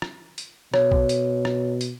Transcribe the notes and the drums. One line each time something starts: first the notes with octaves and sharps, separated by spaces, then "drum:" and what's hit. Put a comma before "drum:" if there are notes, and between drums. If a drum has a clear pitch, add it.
drum: rim click
drum: hi-hat
B2 C#5, drum: rim click
drum: kick A#1
drum: hi-hat
drum: rim click
drum: hi-hat